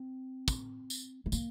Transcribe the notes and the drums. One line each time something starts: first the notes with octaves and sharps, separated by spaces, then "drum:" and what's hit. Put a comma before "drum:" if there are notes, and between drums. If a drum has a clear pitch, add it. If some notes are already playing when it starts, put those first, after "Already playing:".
Already playing: C4
drum: kick, tambourine
drum: tambourine
A3
A#3, drum: tambourine